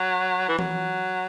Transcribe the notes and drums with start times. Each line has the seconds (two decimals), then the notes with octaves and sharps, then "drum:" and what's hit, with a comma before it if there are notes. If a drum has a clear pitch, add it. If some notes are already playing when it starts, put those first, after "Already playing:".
Already playing: F#3
0.49 E3
0.59 F#3, drum: tom E3